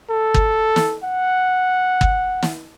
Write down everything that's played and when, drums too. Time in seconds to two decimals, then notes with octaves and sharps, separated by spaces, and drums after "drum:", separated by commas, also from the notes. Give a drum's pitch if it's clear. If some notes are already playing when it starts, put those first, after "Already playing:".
0.10 A4
0.34 drum: kick
0.76 drum: snare
1.04 F#5
2.01 drum: kick
2.43 drum: snare